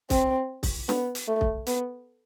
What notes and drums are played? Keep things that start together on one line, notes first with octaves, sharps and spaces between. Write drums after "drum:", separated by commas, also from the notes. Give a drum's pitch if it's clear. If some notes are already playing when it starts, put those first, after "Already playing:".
C4, drum: kick, hi-hat
drum: kick, open hi-hat
B3, drum: snare
drum: hi-hat
A3
drum: kick
B3, drum: hi-hat